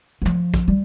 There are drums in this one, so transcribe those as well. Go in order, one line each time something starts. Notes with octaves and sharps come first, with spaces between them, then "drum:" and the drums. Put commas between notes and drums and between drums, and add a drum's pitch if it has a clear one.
E3
F3, drum: tom
drum: kick
G3